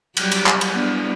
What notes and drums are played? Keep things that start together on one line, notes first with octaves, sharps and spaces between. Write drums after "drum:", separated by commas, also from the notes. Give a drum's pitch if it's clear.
F#3 G3 G4, drum: cymbal
drum: cymbal
drum: clap
drum: cymbal
G3 B3 D4